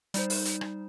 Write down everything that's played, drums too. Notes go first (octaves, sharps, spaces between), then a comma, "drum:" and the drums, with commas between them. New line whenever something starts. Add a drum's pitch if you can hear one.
G3 D#4 C5, drum: hi-hat
drum: open hi-hat
drum: hi-hat
drum: rim click